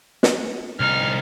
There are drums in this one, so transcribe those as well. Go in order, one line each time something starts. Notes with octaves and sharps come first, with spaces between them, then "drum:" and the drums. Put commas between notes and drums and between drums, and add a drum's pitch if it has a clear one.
drum: snare
C2 D#4 F6